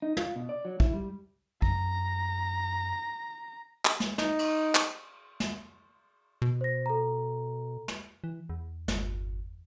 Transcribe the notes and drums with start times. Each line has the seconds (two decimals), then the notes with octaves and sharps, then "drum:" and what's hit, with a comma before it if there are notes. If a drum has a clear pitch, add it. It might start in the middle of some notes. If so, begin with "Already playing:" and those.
0.02 D#4
0.17 F4, drum: tom
0.36 B2
0.49 D5
0.65 F#3
0.80 E4, drum: kick
0.94 G3
1.62 F#2 A#5, drum: kick
3.85 drum: clap
4.00 drum: snare
4.18 D#4, drum: snare
4.39 drum: cymbal
4.75 drum: clap
5.40 drum: snare
6.42 B2
6.61 C5 A#6
6.86 A4 A#5
7.88 drum: snare
8.24 E3
8.49 E2
8.88 G1, drum: snare